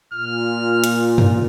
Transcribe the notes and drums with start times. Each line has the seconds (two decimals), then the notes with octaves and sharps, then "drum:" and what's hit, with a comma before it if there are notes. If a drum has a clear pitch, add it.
0.14 A#2 F6
0.84 drum: hi-hat
1.18 drum: tom F#2